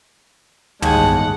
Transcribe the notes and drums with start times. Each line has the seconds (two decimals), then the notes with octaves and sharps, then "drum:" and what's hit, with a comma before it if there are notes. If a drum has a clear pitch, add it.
0.82 G1 D#2 A2 G#3 F#5 G#5 A5, drum: tom